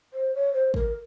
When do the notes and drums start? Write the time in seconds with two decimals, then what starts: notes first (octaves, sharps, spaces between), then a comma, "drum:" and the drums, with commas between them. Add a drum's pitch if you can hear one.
0.13 C5
0.35 C#5
0.54 C5
0.74 A#4, drum: kick